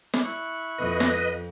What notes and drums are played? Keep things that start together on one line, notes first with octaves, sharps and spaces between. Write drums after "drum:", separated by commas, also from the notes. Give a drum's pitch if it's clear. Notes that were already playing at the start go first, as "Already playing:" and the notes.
drum: snare
E4 C#6 F#6
F2 B4 D#5
drum: snare